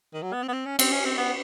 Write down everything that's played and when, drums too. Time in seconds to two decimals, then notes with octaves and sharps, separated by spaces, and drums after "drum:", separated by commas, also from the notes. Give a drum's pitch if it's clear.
0.14 D#3
0.23 F#3
0.33 B3
0.43 C4
0.48 B3
0.53 C4
0.66 C#4
0.79 C4, drum: cymbal
0.92 C#4
1.05 C4
1.18 B3